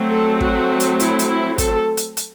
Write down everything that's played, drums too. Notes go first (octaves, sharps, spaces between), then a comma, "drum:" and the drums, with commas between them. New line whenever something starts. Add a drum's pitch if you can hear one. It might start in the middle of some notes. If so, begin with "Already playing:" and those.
Already playing: F#3 A3 C4
A4
F#4, drum: kick
drum: hi-hat
E4, drum: hi-hat
drum: hi-hat
E4
A4, drum: kick, hi-hat
drum: hi-hat
drum: hi-hat